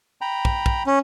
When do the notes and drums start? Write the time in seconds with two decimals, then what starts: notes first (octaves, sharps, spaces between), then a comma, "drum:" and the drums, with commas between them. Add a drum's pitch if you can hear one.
0.21 G5 A#5 B5
0.45 drum: kick
0.66 drum: kick
0.87 C#4